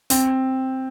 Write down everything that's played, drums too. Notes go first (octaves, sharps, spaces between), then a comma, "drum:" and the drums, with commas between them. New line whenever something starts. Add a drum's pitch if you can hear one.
C4, drum: open hi-hat